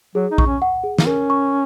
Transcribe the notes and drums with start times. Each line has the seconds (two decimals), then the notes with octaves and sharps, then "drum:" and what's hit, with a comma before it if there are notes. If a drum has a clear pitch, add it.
0.15 F#3 G#4
0.31 D#4
0.38 C#6, drum: kick A#1
0.47 C#4
0.62 F#5
0.84 G#4
0.98 A#3, drum: snare
1.06 C#4 A#4
1.30 C#6